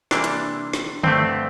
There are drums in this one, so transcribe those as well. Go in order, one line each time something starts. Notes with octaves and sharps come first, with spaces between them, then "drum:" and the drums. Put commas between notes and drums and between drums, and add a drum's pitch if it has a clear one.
C3 E3 G3 A#3 D4, drum: snare
drum: hi-hat
drum: snare
G2 D3 A3 C4, drum: tom D3